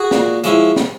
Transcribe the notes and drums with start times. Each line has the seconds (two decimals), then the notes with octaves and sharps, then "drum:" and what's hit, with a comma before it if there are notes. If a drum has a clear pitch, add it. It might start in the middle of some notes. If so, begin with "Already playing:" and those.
Already playing: F#4 G#4
0.11 A#2, drum: snare
0.44 F3 G#3 C#4 E4, drum: hi-hat
0.76 drum: snare